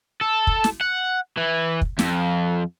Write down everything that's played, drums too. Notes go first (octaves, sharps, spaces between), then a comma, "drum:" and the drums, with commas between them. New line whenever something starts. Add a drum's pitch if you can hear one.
A4
drum: kick
drum: snare
F#5
E3
drum: kick
F2, drum: snare